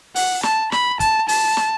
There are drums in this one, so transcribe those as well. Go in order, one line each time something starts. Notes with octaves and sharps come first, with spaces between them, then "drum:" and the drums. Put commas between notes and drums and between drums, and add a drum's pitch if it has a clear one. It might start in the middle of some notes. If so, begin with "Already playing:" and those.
F#5, drum: open hi-hat
A5, drum: snare
B5, drum: snare
A5, drum: kick, hi-hat
A5, drum: open hi-hat
drum: snare